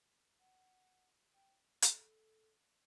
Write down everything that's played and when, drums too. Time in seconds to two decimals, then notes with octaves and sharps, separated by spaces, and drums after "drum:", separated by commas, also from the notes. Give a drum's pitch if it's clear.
0.40 F#5
1.34 G5
1.82 A4, drum: hi-hat